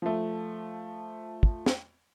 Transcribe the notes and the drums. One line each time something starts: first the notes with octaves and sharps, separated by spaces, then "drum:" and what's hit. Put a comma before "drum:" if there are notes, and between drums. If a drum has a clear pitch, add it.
F3 A3
drum: kick
drum: snare